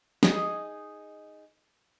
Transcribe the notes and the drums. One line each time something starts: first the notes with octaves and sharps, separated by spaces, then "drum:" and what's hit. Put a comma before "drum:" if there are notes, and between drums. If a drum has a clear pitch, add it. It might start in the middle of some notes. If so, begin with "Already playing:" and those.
D#4 G#4 D#5, drum: snare